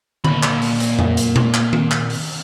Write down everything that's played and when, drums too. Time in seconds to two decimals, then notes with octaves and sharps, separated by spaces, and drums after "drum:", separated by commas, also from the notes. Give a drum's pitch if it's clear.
0.24 A#2 B5, drum: tom D3
0.43 drum: clap
0.62 drum: open hi-hat
0.80 drum: hi-hat
0.99 drum: tom F2
1.17 drum: hi-hat
1.36 drum: tom A#2
1.54 drum: clap
1.73 drum: tom D#3
1.91 drum: clap
2.10 drum: open hi-hat